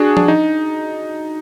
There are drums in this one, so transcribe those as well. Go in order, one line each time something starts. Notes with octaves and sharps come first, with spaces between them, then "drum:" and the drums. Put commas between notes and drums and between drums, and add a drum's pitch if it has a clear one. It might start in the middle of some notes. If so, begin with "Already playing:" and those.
Already playing: D4 F#4 G#4
D4, drum: tom F3
D#4